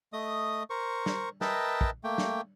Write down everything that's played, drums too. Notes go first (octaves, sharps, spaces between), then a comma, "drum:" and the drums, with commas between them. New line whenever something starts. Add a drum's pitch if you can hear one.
A3 D#5 D#6
A#4 C5 C#6
drum: snare
A#4 B4 D#5 E5 G5 A5, drum: snare
drum: kick
A3 A#3 G5
drum: snare